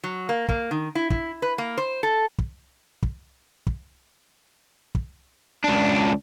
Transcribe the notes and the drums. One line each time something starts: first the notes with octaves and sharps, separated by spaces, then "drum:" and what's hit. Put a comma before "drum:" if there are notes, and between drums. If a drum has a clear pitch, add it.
F#3
A#3
A#3, drum: kick
D#3
E4
E4, drum: kick
B4
A#3
C5
A4
drum: kick
drum: kick
drum: kick
drum: kick
C#2 D4